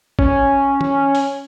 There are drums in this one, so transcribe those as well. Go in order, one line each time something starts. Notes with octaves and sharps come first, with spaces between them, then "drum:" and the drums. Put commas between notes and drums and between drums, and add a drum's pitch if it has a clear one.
C#4, drum: kick
drum: tom
drum: open hi-hat